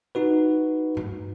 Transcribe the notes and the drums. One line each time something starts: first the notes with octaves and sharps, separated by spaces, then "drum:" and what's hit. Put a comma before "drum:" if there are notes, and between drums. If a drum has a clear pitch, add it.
D#4 F#4 B4
drum: tom G2